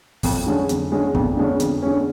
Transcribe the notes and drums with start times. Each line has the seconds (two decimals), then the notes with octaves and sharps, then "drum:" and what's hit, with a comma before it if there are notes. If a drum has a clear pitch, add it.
0.23 F2 F#3, drum: kick, open hi-hat
0.46 D3 F#3 G#3 C#4
0.69 F2 F#3, drum: hi-hat
0.92 D3 F#3 G#3 C#4
1.15 F2 B3 D4, drum: kick
1.37 D3 G#3 C#4
1.60 F2, drum: hi-hat
1.82 D3 G#3 C#4